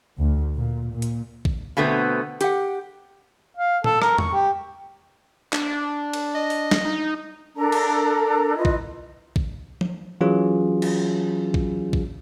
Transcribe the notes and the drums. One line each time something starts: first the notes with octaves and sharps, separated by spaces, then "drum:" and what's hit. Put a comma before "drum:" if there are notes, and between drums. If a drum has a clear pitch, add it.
D2
A#2
A#2
drum: hi-hat
drum: kick A#1
B2 D3 A3 B3 C4
G4 F#5, drum: hi-hat
F5
A4, drum: tom A#2
A#4, drum: rim click
C#6, drum: tom E2
G4
D4, drum: clap
drum: cymbal
D#5
drum: open hi-hat
drum: snare
D#4
D4 A4 A#4 A#5
drum: cymbal
E4 F4 B4 D#5
drum: kick A#1
drum: kick A#1
drum: tom F3
E3 F#3 C#4 F4 G#4
drum: cymbal
drum: kick A#1
drum: kick A#1